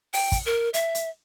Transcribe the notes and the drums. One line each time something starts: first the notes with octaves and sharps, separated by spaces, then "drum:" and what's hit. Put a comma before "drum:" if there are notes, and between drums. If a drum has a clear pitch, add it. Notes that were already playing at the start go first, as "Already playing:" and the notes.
G5, drum: open hi-hat
drum: kick, hi-hat
A#4
E5, drum: hi-hat
drum: hi-hat